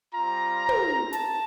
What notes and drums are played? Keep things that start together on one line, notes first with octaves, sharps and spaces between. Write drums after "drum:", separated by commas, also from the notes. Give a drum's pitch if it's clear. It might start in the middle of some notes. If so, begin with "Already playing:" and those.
G3 C4 F4 A#5
drum: tom
A5, drum: hi-hat